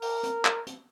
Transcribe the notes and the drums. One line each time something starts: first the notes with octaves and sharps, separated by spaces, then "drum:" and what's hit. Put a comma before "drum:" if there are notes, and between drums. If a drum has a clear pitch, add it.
A#4, drum: open hi-hat
drum: hi-hat
drum: clap
drum: hi-hat